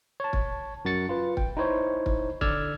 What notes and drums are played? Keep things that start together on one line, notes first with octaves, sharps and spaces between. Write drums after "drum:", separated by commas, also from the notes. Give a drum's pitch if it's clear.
C#5 A5
drum: kick
F#2 F#4 A6 C#7
F4 B4
G5, drum: kick
D#4 E4 C5 C#5
drum: kick
D3 D5 E6 F6 G#6, drum: kick